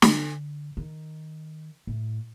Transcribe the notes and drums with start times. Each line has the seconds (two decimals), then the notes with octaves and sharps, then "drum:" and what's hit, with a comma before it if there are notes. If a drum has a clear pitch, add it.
0.02 D3, drum: snare
0.77 D#3
1.87 A2